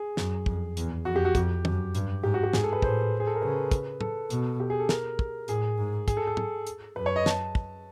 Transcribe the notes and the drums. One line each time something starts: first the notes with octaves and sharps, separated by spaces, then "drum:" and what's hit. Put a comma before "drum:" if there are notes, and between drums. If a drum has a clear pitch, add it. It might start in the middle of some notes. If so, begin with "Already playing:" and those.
Already playing: G#4
F#2, drum: snare
F2, drum: kick
E2, drum: hi-hat
F2 F#4
G4
F#4
F2 G4, drum: kick, hi-hat
F#2, drum: tom
G2, drum: hi-hat
G#2 G4
F#4
G4
G#2 G#4, drum: snare
A4
B4
A2 C5, drum: kick
G#4
A4
A#4
C#3 B4
drum: kick, hi-hat
A4, drum: tom
B2, drum: hi-hat
G4
G#4
A4
A#4, drum: snare
drum: kick
A2 G#4, drum: hi-hat
G#2
G#4, drum: kick, hi-hat
A4
A4
drum: tom
drum: hi-hat
F#2 B4
C#5
D#5
A5, drum: snare
drum: kick